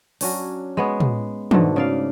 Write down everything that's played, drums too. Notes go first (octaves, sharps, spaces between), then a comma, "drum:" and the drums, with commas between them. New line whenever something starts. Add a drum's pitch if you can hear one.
F#3 C#4 D4, drum: open hi-hat
G#3 B3 C#5
drum: tom
G#2 B2 D3 A3, drum: tom
C#3 D5 F5